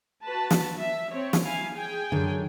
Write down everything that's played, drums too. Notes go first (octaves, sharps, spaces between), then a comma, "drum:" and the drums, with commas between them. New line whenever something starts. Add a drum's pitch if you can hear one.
F#4 B4 A5
drum: snare
E5
C4 C#5
drum: snare
E4 F5 G#5
G#4 G5 G#5
F#2 D3